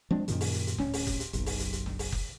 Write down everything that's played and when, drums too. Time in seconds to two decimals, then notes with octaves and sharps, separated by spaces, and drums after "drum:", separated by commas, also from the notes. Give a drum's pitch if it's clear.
0.11 F3 G#3 C4 D4
0.28 F#2 A#2 D#3, drum: hi-hat
0.41 drum: open hi-hat
0.54 drum: hi-hat
0.67 drum: hi-hat
0.78 D1 C#4, drum: snare
0.94 drum: open hi-hat
1.07 drum: kick F#1, hi-hat
1.20 drum: hi-hat
1.33 F#1 B1, drum: hi-hat
1.46 drum: open hi-hat
1.60 drum: hi-hat
1.73 drum: hi-hat
1.86 drum: snare
1.99 drum: open hi-hat
2.12 drum: kick F#1